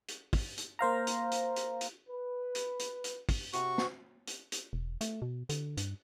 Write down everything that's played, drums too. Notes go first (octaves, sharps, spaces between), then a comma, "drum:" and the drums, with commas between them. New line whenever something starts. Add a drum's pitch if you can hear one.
drum: hi-hat
drum: kick, open hi-hat
drum: hi-hat
A#3 C5 F5 A#5
drum: hi-hat
drum: hi-hat
drum: hi-hat
drum: hi-hat
B4
drum: hi-hat
drum: hi-hat
drum: hi-hat
drum: kick, open hi-hat
C3 F#4 C#6, drum: hi-hat
drum: snare
drum: hi-hat
drum: hi-hat
E1
A3, drum: hi-hat
B2
D3, drum: hi-hat
G2, drum: hi-hat